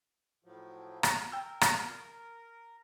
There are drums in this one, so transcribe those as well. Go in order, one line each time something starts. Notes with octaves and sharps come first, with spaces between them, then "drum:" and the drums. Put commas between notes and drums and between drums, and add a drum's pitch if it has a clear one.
A2 F3 F#3
drum: rim click
A#4 G5 E6
drum: rim click